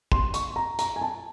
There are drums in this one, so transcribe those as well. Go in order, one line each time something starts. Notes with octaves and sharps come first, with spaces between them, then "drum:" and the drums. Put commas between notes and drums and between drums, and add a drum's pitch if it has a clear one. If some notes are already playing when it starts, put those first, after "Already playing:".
C6, drum: kick
C#6, drum: hi-hat
A#5
A#5, drum: hi-hat
G#5
A5